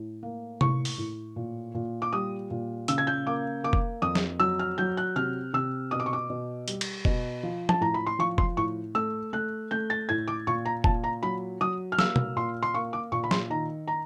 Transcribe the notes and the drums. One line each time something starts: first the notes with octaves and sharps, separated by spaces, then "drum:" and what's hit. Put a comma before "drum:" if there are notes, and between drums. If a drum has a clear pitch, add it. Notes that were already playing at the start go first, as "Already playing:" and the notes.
Already playing: A2
A#3
A2 C#6, drum: tom C3
drum: open hi-hat
A2
A#2
A#2
D6
G3 D#6
A#2
C#3 E6, drum: hi-hat
G#6
G6
A#3 D6
A#3 D6
drum: kick F1
F2 D#6
drum: snare
F#3 E6
F6
F#3 G6
F#6
C3 F6
C3 E6
B2 D#6
D6
C#6
D6
B2
G3, drum: hi-hat
drum: cymbal
B2, drum: kick F1
F3
A5, drum: tom
A2 A#5
B5
C6
F3 C#6
C6, drum: kick F1
A2 C#6
A3 E6
A3 F#6
A3 G6
A6
A2 G#6
D6
A#2 C#6
A#5
A#2 A5, drum: kick F1
A#5
F#3 B5
F#3 D#6
F6
A#3 E6, drum: snare
drum: tom B2
A#2 C6
C6
A#3 C#6
D6
A#2 C#6
B5
C6, drum: snare
D#3 A#5
A#5